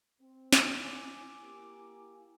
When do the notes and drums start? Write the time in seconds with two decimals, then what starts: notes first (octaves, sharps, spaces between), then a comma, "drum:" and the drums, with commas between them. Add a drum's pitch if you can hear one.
0.21 C4
0.53 drum: snare
0.79 E4 G#5 D6
1.42 A#3 G4